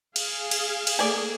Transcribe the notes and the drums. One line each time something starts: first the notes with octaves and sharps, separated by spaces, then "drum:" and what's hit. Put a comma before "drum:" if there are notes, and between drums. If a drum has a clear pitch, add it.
G#4 F5, drum: cymbal
drum: cymbal
drum: cymbal
A3 A#3 G#4 D5 G#5